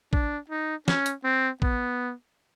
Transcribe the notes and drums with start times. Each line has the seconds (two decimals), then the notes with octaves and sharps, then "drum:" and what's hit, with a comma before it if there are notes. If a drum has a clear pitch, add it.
0.13 D4, drum: kick A#1
0.50 D#4
0.88 C#4, drum: snare
1.06 drum: hi-hat
1.24 C4
1.62 B3, drum: kick A#1